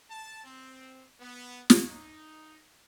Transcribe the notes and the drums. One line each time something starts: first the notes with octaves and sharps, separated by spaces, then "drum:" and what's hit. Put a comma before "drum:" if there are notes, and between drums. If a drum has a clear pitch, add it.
A5
C4
B3
drum: snare
D#4